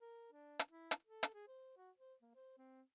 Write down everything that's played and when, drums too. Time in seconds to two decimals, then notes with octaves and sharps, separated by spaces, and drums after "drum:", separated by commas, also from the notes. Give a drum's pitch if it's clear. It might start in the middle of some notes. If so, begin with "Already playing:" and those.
0.01 A#4
0.32 D4
0.59 drum: hi-hat
0.68 E4
0.91 drum: hi-hat
1.07 A4
1.23 drum: hi-hat
1.34 G#4
1.48 C5
1.77 F#4
1.99 C5
2.22 A#3
2.35 C5
2.58 C4